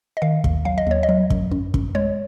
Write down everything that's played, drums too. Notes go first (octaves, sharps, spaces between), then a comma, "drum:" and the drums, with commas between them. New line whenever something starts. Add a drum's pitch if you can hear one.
D#5
D#3 F5
D#2, drum: kick
F#3 F5
D#5
D#2 C#5
D#5
F#3
F#2, drum: kick
F#2
F#2, drum: kick
G#3 C#5